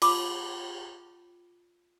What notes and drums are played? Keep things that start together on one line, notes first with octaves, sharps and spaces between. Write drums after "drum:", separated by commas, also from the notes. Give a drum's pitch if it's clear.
F4 A5 B5 D6, drum: cymbal